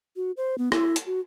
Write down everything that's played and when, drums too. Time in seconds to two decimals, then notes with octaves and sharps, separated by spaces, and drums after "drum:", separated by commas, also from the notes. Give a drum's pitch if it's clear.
0.16 F#4
0.37 C5
0.58 B3
0.72 E4, drum: rim click
0.96 drum: hi-hat
1.06 F#4